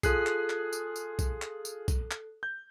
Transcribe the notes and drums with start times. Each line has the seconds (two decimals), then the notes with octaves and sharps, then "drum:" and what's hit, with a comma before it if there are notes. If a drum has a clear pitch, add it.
0.03 F4 G#4 A4 F#6 C7, drum: kick, tambourine
0.26 drum: clap
0.50 drum: clap
0.73 drum: tambourine
0.96 drum: tambourine
1.19 drum: kick, tambourine
1.42 drum: clap
1.65 drum: tambourine
1.88 drum: kick, tambourine
2.11 drum: clap
2.43 G6